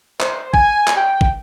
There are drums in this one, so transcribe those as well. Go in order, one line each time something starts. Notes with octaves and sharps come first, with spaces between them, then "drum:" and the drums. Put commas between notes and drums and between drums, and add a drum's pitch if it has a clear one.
C5, drum: clap
G#5, drum: kick
drum: clap
G5
drum: kick